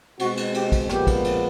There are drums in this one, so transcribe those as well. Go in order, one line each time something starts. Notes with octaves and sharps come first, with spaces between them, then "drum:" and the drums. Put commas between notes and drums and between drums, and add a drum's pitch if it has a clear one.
B2 G#3 C4 F#4, drum: cymbal
drum: cymbal
G4, drum: cymbal
drum: kick, cymbal
A#2 F3 G#3 B3 G4, drum: snare
drum: kick, cymbal
drum: cymbal